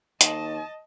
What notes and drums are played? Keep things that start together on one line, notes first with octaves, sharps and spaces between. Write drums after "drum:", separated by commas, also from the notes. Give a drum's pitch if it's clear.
D#2 D#5 A5, drum: hi-hat